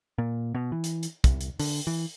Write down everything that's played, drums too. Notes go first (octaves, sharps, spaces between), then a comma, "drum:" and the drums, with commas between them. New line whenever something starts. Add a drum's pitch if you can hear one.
A#2
B2
E3
drum: hi-hat
drum: hi-hat
C2, drum: kick, hi-hat
drum: hi-hat
D3, drum: open hi-hat
E3